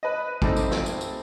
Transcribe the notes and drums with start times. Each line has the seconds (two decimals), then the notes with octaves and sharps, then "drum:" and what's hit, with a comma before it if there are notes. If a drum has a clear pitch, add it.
0.03 B4 D#5
0.42 G3 A3 C4 D#4, drum: kick
0.57 drum: tambourine
0.71 drum: snare
0.86 drum: tambourine
1.01 drum: tambourine